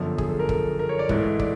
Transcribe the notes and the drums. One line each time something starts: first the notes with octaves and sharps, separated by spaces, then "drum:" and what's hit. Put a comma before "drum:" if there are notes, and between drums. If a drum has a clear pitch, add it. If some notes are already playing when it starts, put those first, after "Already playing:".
Already playing: G1 F#2 D3 F3
G#4, drum: kick
A4
A#4
A4, drum: kick
A#4
C#5
D5
G#2 E3 A3, drum: kick
D5, drum: kick